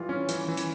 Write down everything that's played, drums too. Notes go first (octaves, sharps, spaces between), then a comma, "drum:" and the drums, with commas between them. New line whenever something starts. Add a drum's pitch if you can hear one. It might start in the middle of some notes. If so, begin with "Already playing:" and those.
Already playing: E3 G3 F4
C#4
E3, drum: hi-hat
E3
drum: hi-hat